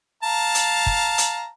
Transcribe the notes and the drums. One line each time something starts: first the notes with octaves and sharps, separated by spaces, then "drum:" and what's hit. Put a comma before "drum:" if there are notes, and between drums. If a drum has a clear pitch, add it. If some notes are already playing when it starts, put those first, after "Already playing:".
F5 A5 A#5
drum: hi-hat
drum: kick
drum: hi-hat